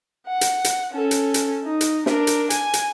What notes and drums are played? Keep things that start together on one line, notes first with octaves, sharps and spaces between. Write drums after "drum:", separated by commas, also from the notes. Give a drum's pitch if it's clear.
F#5
drum: hi-hat
drum: hi-hat
C#4 A4
drum: hi-hat
drum: hi-hat
D#4
drum: hi-hat
D4 A#4, drum: snare
drum: hi-hat
G#5, drum: hi-hat
drum: hi-hat